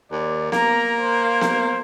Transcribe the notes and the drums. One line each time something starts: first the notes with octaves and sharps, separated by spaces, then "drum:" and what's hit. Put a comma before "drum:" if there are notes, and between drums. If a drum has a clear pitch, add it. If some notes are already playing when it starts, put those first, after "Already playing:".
D#2 D5
A#3 A#5, drum: snare B3
C5
drum: snare B3